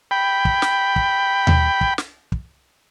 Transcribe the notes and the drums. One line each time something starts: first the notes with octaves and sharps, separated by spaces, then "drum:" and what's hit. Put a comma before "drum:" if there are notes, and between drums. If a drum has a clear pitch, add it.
G5 B5
drum: kick
drum: snare
drum: kick
drum: tom D#2
drum: kick
drum: snare
drum: kick